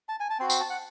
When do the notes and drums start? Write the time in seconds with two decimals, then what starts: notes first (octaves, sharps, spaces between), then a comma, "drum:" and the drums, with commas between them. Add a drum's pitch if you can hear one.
0.09 A5
0.20 G#5
0.30 A5
0.40 C4 F#4 C6
0.50 C6, drum: tambourine
0.60 A5
0.70 F#5